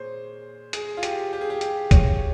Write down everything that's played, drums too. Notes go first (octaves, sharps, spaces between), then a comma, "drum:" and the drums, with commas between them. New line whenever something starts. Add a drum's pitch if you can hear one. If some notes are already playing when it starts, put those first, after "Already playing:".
Already playing: A#2 G#4 C5 C#5
G#4, drum: hi-hat
F4
G4, drum: hi-hat
G4
G#4
G4
G4, drum: hi-hat
C#5, drum: kick, hi-hat